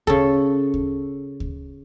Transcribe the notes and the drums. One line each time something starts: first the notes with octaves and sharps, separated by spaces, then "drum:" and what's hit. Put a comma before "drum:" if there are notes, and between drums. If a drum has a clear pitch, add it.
C#3 A4, drum: kick D2
drum: kick D2
drum: kick D2